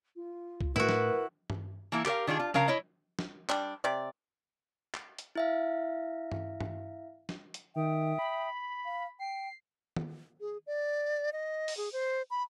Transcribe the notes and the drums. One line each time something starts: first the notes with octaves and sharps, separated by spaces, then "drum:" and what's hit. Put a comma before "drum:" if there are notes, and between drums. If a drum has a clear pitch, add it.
F4
drum: kick C2
A2 E4 F#4 A#4 B4
drum: snare
drum: tom G2
E3 A#3 E4
G4 A#4 C5 F5, drum: clap
D#3 D4 F4 G#4
F4
C#3 A#4 F5 A#5, drum: snare
E4 C#5 D#5
drum: snare
G3 D4, drum: clap
C3 D5
drum: clap
drum: hi-hat
E4 E5 F5
drum: tom G2
drum: tom G2
drum: snare
drum: hi-hat
D#3 E5 G5 D#6
B5
F5
G5 C7
drum: tom D#3
G#4
D5
D#5
drum: open hi-hat
G#4
C5
B5